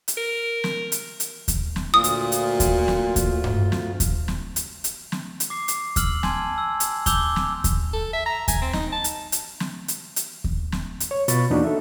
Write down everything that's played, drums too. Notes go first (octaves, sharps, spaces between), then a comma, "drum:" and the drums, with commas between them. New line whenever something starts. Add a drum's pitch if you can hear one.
drum: hi-hat
A#4
drum: snare
drum: hi-hat
drum: hi-hat
drum: kick D#2, hi-hat
drum: snare
D2 A#2 F4 D#6
drum: hi-hat
drum: hi-hat
drum: kick D#2, hi-hat
drum: snare
drum: kick D#2, hi-hat
drum: tom G2
drum: snare
drum: kick D#2, hi-hat
drum: snare
drum: hi-hat
drum: hi-hat
drum: snare
drum: hi-hat
D6 C7
drum: hi-hat
E6 F6 F#7, drum: kick D#2, hi-hat
G#5 A5 C6 G#6, drum: snare
E6
drum: hi-hat
D6 E6 G6 F7 G7, drum: kick D#2, hi-hat
drum: snare
drum: kick D#2, hi-hat
A4
E5
A#5
G#5, drum: kick D#2, hi-hat
C4
D#4, drum: snare
A5
drum: hi-hat
drum: hi-hat
drum: snare
drum: hi-hat
drum: hi-hat
drum: kick D#2
drum: snare
drum: hi-hat
C#5
B2 F4 B5 C#6 A6, drum: hi-hat
E2 A#3 D4 D#4 F#4
A4 E5